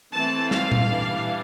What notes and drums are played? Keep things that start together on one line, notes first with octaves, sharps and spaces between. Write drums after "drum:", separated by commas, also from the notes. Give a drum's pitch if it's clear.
E3 A3 C4 A5
F5, drum: snare
drum: tom A#2
E3 G3 D4